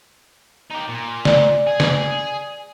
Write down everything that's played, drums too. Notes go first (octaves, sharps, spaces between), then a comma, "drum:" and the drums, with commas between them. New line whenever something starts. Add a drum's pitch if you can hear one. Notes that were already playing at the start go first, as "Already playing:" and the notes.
D#4 G4
A#2
D5, drum: snare
G#4
drum: snare